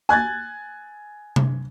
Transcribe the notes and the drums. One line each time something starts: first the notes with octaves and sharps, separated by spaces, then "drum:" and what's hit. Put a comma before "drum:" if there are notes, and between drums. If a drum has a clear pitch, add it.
G#5 F#6 G#6 A6
drum: tom C3